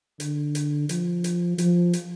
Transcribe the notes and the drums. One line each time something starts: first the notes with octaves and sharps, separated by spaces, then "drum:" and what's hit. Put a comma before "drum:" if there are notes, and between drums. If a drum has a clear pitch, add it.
D3, drum: hi-hat
drum: hi-hat
F3, drum: hi-hat
drum: hi-hat
F3, drum: hi-hat
drum: hi-hat